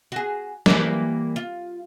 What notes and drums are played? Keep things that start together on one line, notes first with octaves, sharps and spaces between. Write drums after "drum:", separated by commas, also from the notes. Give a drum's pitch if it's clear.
F#4 G#4
E3 G3 A#3, drum: snare
F4